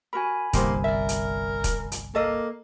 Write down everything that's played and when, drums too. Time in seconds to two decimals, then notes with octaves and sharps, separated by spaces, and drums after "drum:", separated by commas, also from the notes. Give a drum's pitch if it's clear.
0.13 F#4 A#4 G#5 B5
0.53 G1 C2 A#3 D#4 G4 C5, drum: kick, hi-hat
0.84 A#4 D5 E5
1.09 drum: hi-hat
1.64 drum: kick, hi-hat
1.92 drum: hi-hat
2.15 A#3 A4 D#5